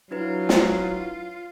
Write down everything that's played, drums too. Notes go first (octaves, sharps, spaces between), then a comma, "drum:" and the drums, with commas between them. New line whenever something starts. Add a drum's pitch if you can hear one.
F#3 D4 E4 F4 B4
drum: snare